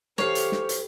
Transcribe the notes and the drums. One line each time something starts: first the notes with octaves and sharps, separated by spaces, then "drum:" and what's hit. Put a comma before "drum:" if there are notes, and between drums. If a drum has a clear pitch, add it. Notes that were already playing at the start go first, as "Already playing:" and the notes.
E3 G4 A4 C5 C#5 F5, drum: snare
drum: hi-hat
drum: snare
drum: hi-hat